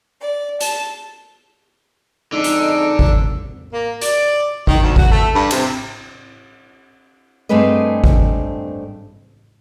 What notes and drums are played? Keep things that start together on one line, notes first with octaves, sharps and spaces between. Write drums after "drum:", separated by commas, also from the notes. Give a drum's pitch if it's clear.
D5
A5, drum: hi-hat
F2 D3 G#3 D#4
drum: hi-hat
drum: kick G#1
A#3
D5, drum: hi-hat
D#3, drum: kick G#1
D2
F#4, drum: kick G#1
A3
G2
C3, drum: cymbal
G2 A3 C4 G#4 B4 D#5
drum: kick G#1